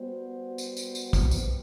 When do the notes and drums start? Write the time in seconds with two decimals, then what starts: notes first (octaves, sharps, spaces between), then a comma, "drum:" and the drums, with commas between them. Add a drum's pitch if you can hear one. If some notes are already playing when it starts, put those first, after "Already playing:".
Already playing: G3 B3 F#4 C5
0.58 drum: tambourine
0.77 drum: tambourine
0.95 drum: tambourine
1.13 drum: kick, tambourine
1.31 C3 G3 C4 G4 B4, drum: tambourine